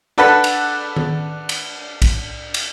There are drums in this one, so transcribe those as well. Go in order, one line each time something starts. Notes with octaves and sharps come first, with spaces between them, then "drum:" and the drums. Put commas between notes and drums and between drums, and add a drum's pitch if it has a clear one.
D4 A4 B4 F#5 A5 B5
drum: cymbal
drum: tom D#3
drum: cymbal
drum: kick, cymbal
drum: cymbal